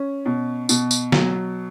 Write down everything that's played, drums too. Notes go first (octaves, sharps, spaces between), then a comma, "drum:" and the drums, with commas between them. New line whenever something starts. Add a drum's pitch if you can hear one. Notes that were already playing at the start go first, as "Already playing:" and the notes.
Already playing: C#4
B2
B2, drum: tambourine
drum: tambourine
F#3, drum: snare